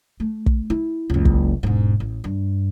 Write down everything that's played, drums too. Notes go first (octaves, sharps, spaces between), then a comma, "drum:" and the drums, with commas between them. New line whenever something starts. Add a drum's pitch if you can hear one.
A3
drum: kick
E4
F#1 C#2
drum: kick
E1 G#2
A1
G2